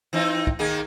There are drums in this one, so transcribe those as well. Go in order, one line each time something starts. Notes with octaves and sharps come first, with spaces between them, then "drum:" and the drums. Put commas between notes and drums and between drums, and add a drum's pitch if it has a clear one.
E3 C4 D#4
drum: kick
D#3 A#3 G#4